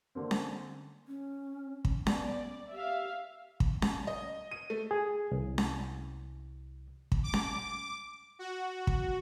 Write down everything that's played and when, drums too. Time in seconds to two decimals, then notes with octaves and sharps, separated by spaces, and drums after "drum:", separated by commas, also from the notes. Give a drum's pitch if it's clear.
0.15 D3 A#3 C4
0.31 drum: snare C#4
1.08 C#4
1.85 drum: kick
2.07 B3 D5, drum: snare C#4
2.72 G4 E5 F5
3.60 drum: kick
3.82 drum: snare C#4
4.07 D#5
4.51 D#7
4.70 A3
4.91 G#4
5.31 C2
5.58 drum: snare C#4
7.12 drum: kick
7.23 D6
7.34 drum: snare C#4
8.39 F#4
8.87 drum: kick